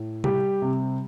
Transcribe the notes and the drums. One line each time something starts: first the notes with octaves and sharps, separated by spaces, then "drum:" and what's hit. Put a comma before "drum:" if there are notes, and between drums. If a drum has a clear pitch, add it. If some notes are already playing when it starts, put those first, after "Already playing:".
Already playing: A2
G3 G4, drum: tom C3
C3